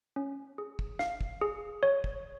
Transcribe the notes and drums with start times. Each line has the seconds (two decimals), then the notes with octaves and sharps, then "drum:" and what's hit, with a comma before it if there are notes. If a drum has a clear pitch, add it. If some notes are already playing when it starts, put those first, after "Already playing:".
0.16 C#4
0.58 G#4
0.79 drum: kick
0.99 F5, drum: snare
1.21 drum: kick
1.41 G#4
1.83 C#5
2.04 drum: kick